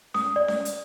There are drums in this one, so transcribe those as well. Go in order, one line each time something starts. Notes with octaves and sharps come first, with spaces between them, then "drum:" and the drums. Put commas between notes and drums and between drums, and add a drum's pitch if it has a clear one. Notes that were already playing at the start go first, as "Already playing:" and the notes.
D#6, drum: snare C#4
D5
drum: snare C#4
drum: hi-hat